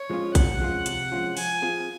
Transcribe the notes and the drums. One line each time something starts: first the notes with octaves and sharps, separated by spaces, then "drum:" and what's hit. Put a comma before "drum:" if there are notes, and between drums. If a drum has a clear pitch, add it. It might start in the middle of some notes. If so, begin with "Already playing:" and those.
Already playing: C#5
F3 G#3 C#4 F4
C3 F#5, drum: kick, hi-hat
F3 G#3 C#4 F4
C3, drum: hi-hat
F3 G#3 C#4 F4
F3 G#5, drum: open hi-hat
C4 F4 G#4